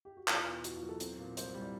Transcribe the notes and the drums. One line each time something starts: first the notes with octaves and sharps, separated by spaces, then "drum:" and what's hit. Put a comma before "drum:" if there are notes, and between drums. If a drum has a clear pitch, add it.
G4
F#4
E2 F4, drum: clap
B2
E2 F#4, drum: hi-hat
F4
F#3
A4
C4, drum: hi-hat
A#2
C2 C5, drum: hi-hat
G3
D5